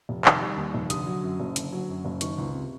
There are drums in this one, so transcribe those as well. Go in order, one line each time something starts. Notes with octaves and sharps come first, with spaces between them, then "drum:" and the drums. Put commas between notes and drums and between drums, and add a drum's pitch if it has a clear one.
F1
D#3 E6, drum: clap
G3
D#2
F1
D3 D#6, drum: hi-hat
F#3
F#2
F#1
D3, drum: hi-hat
F#3
F#2
F#1
D#3 C#6, drum: hi-hat
C#2
C3